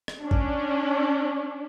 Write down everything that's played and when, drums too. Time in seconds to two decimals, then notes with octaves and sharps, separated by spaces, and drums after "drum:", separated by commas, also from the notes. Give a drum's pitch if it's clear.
0.08 drum: rim click
0.21 C#4 D4
0.31 drum: kick G#1